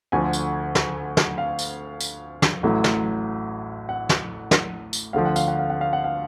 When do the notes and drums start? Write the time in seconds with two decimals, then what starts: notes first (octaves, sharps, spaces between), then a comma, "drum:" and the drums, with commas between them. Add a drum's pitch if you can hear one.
0.12 D2 D3 F3 G#5
0.33 drum: tambourine
0.75 drum: snare
1.17 drum: snare
1.38 F5
1.59 drum: tambourine
2.00 drum: tambourine
2.42 drum: snare
2.63 A1 A2 F#3 A3
2.84 drum: snare
3.89 F#5
4.09 drum: snare
4.51 drum: snare
4.93 drum: tambourine
5.13 D2 D3 F3 F5
5.25 F#5
5.36 F5, drum: tambourine
5.48 F#5
5.59 F5
5.70 F#5
5.81 F5
5.93 F#5
6.04 F5